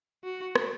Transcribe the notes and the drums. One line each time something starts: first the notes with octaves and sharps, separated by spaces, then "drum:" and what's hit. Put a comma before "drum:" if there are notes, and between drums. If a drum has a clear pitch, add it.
F#4
drum: rim click